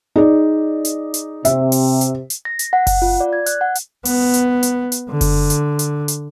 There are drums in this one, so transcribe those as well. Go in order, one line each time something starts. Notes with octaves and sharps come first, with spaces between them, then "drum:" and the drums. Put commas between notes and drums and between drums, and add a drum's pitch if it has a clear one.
D#4 G#4 D5
drum: hi-hat
drum: hi-hat
C3 E5, drum: hi-hat
drum: open hi-hat
drum: hi-hat
drum: hi-hat
A#6
drum: hi-hat
F#5
F#5, drum: kick F#1, open hi-hat
F4
D5
G#6
F#6, drum: hi-hat
F#5
drum: hi-hat
B3, drum: open hi-hat
drum: hi-hat
drum: hi-hat
drum: hi-hat
D3
drum: kick F#1, open hi-hat
drum: hi-hat
drum: hi-hat
drum: hi-hat